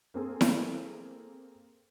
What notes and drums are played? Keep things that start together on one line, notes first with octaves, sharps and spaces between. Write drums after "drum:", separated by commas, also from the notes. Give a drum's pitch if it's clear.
A#3 C4 G#4 A4
drum: snare E4